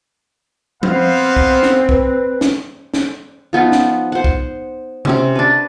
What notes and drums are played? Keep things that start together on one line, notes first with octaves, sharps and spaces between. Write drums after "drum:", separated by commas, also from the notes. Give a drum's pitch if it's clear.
B3 C4 C5 F5, drum: tom F3
drum: kick B1
drum: snare
B4, drum: kick B1
drum: snare
drum: snare
F3 B3 D#4 F4
drum: snare
C5 F#5
drum: kick B1
C3 C4 C#4, drum: tom C3
D4 B4